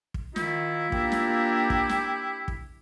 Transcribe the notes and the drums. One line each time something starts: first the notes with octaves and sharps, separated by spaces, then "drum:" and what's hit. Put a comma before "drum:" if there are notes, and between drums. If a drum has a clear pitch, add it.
drum: kick
D#3 E4 F4, drum: snare
A#3 D4 G4, drum: kick
drum: snare
drum: kick
drum: snare
drum: kick